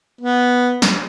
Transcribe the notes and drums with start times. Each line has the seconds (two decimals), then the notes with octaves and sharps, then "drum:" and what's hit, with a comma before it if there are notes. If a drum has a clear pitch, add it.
0.21 B3
0.82 drum: snare